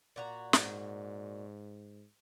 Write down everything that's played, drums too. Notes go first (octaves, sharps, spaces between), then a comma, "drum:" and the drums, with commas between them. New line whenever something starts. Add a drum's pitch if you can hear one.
A#2 F#4 A#5
G#2, drum: snare